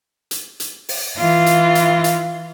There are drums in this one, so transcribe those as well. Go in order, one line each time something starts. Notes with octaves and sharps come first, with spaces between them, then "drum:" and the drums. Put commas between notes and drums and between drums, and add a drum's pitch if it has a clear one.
drum: hi-hat
drum: hi-hat
drum: open hi-hat
E3 F4
drum: hi-hat
drum: hi-hat
drum: hi-hat